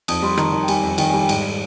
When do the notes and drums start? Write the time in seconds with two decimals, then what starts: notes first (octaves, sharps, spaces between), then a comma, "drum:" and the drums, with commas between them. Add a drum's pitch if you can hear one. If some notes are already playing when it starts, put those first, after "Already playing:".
0.08 F2 D#6, drum: cymbal
0.22 G3 C6
0.37 D#3 A#5, drum: rim click
0.53 D#3
0.63 G5
0.68 G3 G#5, drum: cymbal
0.83 F2
0.98 D#3 G5, drum: cymbal
1.09 G3 G#5
1.23 G5
1.29 G#2, drum: cymbal